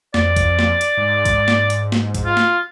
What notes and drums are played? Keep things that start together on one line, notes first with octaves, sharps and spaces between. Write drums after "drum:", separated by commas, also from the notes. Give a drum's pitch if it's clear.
F2 D5, drum: snare
drum: kick B1, hi-hat
drum: snare
drum: hi-hat
G#2
drum: kick B1, hi-hat
drum: snare
drum: hi-hat
drum: snare
drum: kick B1, hi-hat
F4
drum: snare